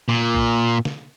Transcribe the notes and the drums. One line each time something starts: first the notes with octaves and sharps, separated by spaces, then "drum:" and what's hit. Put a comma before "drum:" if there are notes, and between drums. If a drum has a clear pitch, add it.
A#2
drum: kick A#1
drum: snare